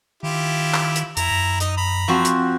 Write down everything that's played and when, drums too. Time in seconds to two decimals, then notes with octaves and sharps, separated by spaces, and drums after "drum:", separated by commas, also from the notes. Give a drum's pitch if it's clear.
0.23 D#3 E4 F4 G4
0.74 drum: clap
0.96 drum: hi-hat
1.17 F2 E4 A#5, drum: hi-hat
1.31 F#2
1.60 D#4 D#5, drum: hi-hat
1.77 A#5 B5
2.08 F3 C4 F#4
2.25 drum: hi-hat